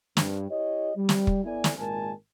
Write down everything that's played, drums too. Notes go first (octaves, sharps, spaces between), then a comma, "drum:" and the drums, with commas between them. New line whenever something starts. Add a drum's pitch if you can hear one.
G2, drum: snare
E4 G4 C#5 D#5
G3
drum: snare
drum: kick
B3 E4 A4 D5 G#5
drum: snare
G#1 A#2 G#3 A#4 G#5 A5